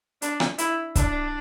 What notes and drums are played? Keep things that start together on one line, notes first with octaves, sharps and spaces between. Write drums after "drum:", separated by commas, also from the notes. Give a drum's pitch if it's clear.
D4, drum: hi-hat
drum: rim click
E4, drum: hi-hat
D4, drum: kick C#1, hi-hat